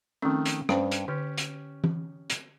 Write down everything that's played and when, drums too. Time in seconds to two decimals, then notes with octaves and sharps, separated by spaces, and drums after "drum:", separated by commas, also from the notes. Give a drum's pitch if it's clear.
0.22 D#3 F3 A3 C4 C#4
0.45 drum: hi-hat
0.69 G2 C#4 C5, drum: rim click
0.92 drum: hi-hat
1.08 D3 C#4 G4
1.38 drum: hi-hat
1.84 drum: tom E3
2.30 drum: hi-hat